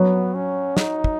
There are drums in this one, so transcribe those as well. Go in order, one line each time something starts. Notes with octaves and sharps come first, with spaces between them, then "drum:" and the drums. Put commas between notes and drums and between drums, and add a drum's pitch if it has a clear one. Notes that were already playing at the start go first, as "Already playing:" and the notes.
Already playing: F#3 B3
C#4
D#4, drum: snare
drum: kick